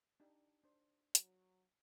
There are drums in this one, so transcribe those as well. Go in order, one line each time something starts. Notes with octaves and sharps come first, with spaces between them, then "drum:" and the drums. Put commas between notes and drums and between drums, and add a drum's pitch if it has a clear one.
D4 D#4 G4
D4 C5
F#3, drum: hi-hat